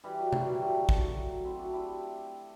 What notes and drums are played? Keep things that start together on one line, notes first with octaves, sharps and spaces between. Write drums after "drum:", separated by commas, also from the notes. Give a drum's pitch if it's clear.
E3 G3
F#3
F#3, drum: tom C3
E3 G3
F#3 A3
F#3, drum: kick
F#3
C4 E4
D4 F#4
E4 G4